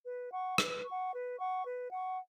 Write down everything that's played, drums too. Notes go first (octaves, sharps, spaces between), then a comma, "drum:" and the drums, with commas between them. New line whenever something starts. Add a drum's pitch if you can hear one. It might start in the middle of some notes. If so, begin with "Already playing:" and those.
B4
F#5 C#6
B4, drum: rim click
F#5 C#6
B4
F#5 C#6
B4
F#5 C#6